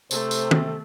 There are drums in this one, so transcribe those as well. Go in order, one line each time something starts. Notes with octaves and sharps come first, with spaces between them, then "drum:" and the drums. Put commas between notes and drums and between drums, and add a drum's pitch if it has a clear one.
C3 A3 A4 C5, drum: tambourine
drum: tambourine
drum: tom